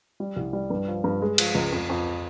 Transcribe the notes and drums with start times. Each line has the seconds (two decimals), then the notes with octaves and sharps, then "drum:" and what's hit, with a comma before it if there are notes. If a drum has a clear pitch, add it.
0.20 G3
0.36 C2
0.53 G3
0.70 G2
0.88 F3
1.04 G2
1.22 G#3
1.38 F3, drum: cymbal
1.55 C#2
1.72 F2
1.89 F2